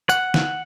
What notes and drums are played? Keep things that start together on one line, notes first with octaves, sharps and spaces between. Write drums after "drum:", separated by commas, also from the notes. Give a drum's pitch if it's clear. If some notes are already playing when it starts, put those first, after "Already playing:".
F#5, drum: tambourine
drum: snare